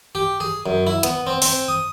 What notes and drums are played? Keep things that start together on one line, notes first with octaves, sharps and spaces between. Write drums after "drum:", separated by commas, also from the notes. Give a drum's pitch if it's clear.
G4
G#4
F#2
E4
B3, drum: hi-hat
C4
C4, drum: open hi-hat
D#6